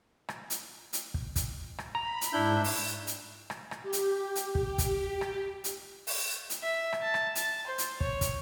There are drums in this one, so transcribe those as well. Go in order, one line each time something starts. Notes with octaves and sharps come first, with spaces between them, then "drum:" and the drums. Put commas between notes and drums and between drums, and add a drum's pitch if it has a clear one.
drum: rim click
drum: hi-hat
drum: hi-hat
drum: kick
drum: kick, hi-hat
drum: rim click
A#5 B5
drum: hi-hat
G#2 D4 E4 E5 G6
drum: open hi-hat
drum: hi-hat
drum: rim click
drum: rim click
G4
drum: hi-hat
drum: hi-hat
G4, drum: kick
drum: kick, hi-hat
drum: rim click
drum: hi-hat
drum: open hi-hat
drum: hi-hat
E5
drum: rim click
A5
drum: rim click
A5, drum: hi-hat
C5
drum: hi-hat
C#5, drum: kick
drum: kick, hi-hat